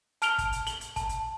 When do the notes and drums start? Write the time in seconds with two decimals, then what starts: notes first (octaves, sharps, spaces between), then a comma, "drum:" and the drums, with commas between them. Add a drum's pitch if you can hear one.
0.22 A5 F6 D7 F7 G7, drum: hi-hat
0.38 drum: kick, hi-hat
0.53 drum: hi-hat
0.67 F#7 G7, drum: hi-hat
0.81 drum: hi-hat
0.96 A5, drum: kick, hi-hat
1.09 drum: hi-hat